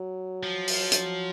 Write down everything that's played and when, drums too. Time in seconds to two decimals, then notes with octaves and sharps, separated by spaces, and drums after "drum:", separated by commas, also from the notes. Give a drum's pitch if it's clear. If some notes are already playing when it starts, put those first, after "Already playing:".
Already playing: F#3
0.43 F3
0.68 drum: open hi-hat
0.92 drum: hi-hat